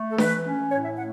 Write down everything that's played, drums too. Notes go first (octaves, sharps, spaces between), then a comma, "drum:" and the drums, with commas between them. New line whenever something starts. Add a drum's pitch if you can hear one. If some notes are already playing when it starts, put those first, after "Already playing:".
Already playing: A3
A4
E3 B4, drum: snare D4
C#4
A2 C#5
E5
A3 F#5